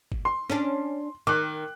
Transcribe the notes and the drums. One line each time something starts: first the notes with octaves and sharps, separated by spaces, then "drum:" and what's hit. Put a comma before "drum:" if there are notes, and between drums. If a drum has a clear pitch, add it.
drum: kick G1
C6
C#4 D4, drum: snare
D#3 D6 F#6